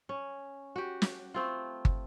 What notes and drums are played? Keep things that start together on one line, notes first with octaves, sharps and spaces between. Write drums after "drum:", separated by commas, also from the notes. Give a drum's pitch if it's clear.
C#4
F#4 G4
drum: snare
A3 C4 F4
drum: kick